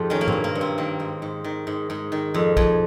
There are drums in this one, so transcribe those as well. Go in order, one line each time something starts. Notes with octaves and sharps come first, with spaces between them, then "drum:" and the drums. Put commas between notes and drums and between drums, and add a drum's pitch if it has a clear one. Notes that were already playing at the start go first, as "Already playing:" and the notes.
Already playing: F2 G#2 F4 G4
D#3 C#4
A#3
G2 C4, drum: tom G#2
A#3
G2
C4
D#3 A#3
G#2
G#2
D#3
G#2
G#2
D#3
F2
F2, drum: kick A#1